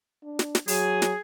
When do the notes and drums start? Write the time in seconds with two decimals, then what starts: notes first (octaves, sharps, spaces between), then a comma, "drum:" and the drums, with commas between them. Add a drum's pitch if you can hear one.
0.23 D4
0.39 drum: snare
0.55 drum: snare
0.68 F#3 G#4, drum: open hi-hat
1.02 drum: snare